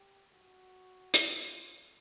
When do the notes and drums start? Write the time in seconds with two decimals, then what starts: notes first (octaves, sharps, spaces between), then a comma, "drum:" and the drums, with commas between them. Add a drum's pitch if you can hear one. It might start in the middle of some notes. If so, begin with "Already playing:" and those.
Already playing: G4
0.33 F#4
1.14 drum: hi-hat
1.30 F4